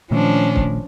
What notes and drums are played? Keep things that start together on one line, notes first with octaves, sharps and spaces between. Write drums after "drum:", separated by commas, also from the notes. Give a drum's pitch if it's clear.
A#2 D#3 F3 A3 C#4 D4
drum: kick